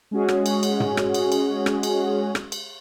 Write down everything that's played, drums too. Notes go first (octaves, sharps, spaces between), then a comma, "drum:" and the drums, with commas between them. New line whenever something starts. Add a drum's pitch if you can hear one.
G#3 C#4 F#4 G#4
drum: rim click
drum: cymbal
drum: cymbal
drum: tom
drum: rim click
drum: cymbal
drum: cymbal
drum: rim click
drum: cymbal
drum: rim click
drum: cymbal